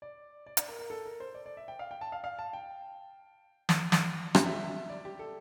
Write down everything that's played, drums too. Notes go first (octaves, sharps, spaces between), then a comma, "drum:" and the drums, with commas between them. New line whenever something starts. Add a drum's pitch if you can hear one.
D5
D5
D5, drum: hi-hat
A#4
A#4
A4
A#4
C5
D5
D5
E5
G5
F5
G5
A5
F5
F5
A5
G5
drum: snare
drum: snare
drum: rim click
E5
D5
G4
A4